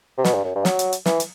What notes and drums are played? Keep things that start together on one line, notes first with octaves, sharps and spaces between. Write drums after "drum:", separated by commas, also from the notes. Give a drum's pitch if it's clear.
C3
B2, drum: snare
G2
F#2
G2
F#3, drum: snare
drum: hi-hat
drum: hi-hat
E3, drum: snare
drum: hi-hat